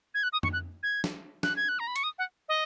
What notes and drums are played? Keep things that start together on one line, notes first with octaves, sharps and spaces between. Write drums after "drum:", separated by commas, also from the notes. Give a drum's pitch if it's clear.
G#6
F#6
D#6
C#6, drum: tom F2
F#6
G#6
drum: snare
F#6, drum: snare
G#6
F#6
A#5
B5
C#6, drum: hi-hat
D#6
F#5
D#5